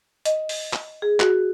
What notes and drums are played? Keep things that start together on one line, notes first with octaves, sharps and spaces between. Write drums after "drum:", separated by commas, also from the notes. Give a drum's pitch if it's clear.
D#5, drum: hi-hat
drum: open hi-hat
drum: clap
G#4
F#4, drum: clap